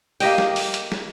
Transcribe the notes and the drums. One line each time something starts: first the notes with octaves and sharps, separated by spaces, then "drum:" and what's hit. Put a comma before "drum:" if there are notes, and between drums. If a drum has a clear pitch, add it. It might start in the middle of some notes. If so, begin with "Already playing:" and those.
A#3 G4 D#5 G5, drum: open hi-hat
drum: snare
drum: open hi-hat
drum: hi-hat
drum: snare